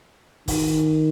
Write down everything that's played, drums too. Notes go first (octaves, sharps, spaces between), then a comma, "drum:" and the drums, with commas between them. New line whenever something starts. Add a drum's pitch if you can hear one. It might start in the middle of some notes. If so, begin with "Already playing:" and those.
D#3, drum: kick, open hi-hat